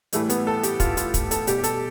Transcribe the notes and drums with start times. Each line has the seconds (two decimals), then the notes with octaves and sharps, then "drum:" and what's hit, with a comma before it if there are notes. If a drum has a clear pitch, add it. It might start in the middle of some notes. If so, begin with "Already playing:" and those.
0.13 A2 E3 G3 A3, drum: hi-hat
0.30 B3, drum: hi-hat
0.47 A4
0.63 G4, drum: hi-hat
0.80 F4, drum: kick, hi-hat
0.97 F4, drum: hi-hat
1.14 drum: kick, hi-hat
1.31 A4, drum: hi-hat
1.47 B2 G3 G4, drum: hi-hat
1.58 G4
1.64 A4, drum: hi-hat